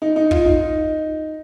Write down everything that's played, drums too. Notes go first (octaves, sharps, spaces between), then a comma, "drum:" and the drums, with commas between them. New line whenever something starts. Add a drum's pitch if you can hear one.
D#4
D#4
F4, drum: kick
D#4